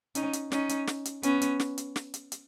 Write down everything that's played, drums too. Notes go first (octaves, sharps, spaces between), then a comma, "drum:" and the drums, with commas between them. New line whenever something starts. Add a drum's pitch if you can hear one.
C#4 D#4, drum: hi-hat
drum: hi-hat
C#4 D#4, drum: snare
drum: hi-hat
drum: snare
drum: hi-hat
B3 C#4, drum: hi-hat
drum: hi-hat
drum: snare
drum: hi-hat
drum: snare
drum: hi-hat
drum: hi-hat